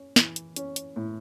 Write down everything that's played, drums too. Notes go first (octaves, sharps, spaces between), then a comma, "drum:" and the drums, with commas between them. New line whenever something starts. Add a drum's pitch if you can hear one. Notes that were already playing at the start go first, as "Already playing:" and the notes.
Already playing: C#4
E3, drum: snare
drum: hi-hat
C#4, drum: hi-hat
drum: hi-hat
A2